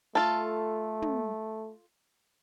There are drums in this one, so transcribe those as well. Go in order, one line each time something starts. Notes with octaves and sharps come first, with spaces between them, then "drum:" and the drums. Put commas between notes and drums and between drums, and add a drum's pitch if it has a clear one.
A3 F4 A4
drum: tom